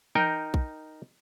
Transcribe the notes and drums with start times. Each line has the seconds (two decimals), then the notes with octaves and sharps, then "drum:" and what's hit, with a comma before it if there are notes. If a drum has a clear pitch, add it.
0.15 D#4 A#4 G5, drum: tom E3
0.54 drum: kick A#1